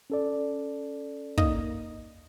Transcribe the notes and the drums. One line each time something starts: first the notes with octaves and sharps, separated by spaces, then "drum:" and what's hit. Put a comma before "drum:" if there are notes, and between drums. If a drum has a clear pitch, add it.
C#4 A4 D5
A#3 D#4 D#5, drum: kick